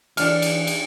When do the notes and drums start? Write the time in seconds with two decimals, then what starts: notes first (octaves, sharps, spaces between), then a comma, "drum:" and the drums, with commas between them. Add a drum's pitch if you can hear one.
0.17 E3 D4 F6, drum: cymbal
0.42 drum: cymbal
0.67 drum: cymbal